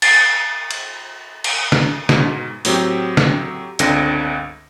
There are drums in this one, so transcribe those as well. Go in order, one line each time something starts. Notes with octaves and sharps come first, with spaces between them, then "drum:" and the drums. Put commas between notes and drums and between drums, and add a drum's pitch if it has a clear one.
A6 C7, drum: cymbal
drum: cymbal
drum: cymbal
drum: snare
G#2 B2, drum: snare
A2 F#3 C4 G4, drum: open hi-hat
drum: snare
G1 C#2 D3 C4 A#6, drum: hi-hat